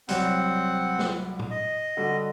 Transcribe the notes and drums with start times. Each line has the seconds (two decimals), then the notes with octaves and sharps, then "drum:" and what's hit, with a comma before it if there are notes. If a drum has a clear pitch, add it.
0.08 C2 F#3 G3 C4 F#5, drum: hi-hat
0.99 drum: snare
1.39 drum: tom
1.51 D#5
1.97 D3 G3 F#4